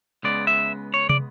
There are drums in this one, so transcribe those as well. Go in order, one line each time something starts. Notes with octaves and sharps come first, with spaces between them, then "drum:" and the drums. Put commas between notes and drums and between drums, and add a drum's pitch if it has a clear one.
C#2 C#3 G#3 B3 D5
E5
C#5
D5, drum: tom